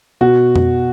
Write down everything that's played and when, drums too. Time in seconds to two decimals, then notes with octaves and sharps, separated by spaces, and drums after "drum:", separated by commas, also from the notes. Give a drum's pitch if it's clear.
0.21 B2 F#4
0.56 drum: tom F2